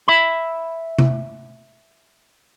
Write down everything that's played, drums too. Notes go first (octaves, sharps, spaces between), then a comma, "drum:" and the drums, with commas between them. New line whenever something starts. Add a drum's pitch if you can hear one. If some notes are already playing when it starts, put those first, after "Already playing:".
E5 B5
drum: tom C3